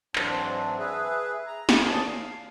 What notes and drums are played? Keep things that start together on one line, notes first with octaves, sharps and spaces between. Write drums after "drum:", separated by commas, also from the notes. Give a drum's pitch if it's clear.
G#2 E3 F#3 C4 D4, drum: clap
G#4 B4 E5
A#5
drum: snare
D#2 E3 A#3 G#4 D5 A5
F5